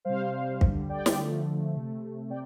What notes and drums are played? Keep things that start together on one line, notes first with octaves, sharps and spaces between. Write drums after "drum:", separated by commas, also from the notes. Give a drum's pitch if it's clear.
C3 G3 C5 F5
D3 G3, drum: kick
D5 G5
drum: snare
D3 F3 A3
C3 A3
C3 D5 G5